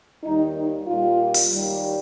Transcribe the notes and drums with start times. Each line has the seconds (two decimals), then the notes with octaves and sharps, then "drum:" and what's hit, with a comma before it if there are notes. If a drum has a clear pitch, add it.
0.23 D#2 D#3 G3 D#4
0.87 A#2 G3 F4
1.34 drum: open hi-hat
1.51 D#2 D#3 G3